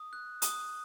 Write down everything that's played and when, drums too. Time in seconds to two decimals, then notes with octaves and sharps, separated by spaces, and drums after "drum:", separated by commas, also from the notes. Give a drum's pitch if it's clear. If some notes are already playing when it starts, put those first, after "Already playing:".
Already playing: D#6
0.13 F#6
0.42 D#6, drum: hi-hat